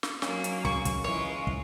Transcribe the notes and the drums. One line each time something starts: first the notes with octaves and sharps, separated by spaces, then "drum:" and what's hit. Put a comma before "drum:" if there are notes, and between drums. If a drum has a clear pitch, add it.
drum: snare
F#3 A#3 C#4 D#4 A#4, drum: snare
drum: hi-hat
G#4 C#6, drum: kick
drum: kick, hi-hat
E3 G#3 F4 C#5
drum: kick